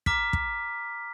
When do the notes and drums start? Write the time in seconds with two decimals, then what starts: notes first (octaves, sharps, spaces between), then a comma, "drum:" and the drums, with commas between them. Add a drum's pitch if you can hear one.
0.06 A#5 D6 F6 B6, drum: kick
0.33 drum: kick